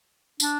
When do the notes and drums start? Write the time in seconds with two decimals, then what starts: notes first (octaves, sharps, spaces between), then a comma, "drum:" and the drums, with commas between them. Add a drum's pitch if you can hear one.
0.40 D4, drum: tambourine